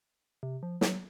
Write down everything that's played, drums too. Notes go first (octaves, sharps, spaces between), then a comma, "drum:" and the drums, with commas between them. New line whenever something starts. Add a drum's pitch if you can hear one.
C3
F3
F#3, drum: snare